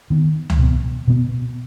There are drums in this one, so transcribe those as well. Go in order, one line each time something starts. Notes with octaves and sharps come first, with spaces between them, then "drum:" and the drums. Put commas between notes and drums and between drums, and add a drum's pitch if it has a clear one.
D#3 B3
drum: tom C#2
B2 B3
B2 B3